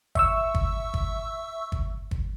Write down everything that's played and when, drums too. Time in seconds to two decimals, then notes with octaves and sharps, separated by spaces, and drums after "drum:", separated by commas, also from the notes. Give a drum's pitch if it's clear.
0.15 E5 C#6 E6, drum: kick
0.54 drum: kick
0.94 drum: kick
1.72 drum: kick
2.11 drum: kick